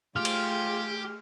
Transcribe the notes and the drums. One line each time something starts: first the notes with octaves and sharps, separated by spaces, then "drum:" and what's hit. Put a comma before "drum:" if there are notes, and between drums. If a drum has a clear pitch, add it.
A3 F4 G4 G#4 F6
drum: cymbal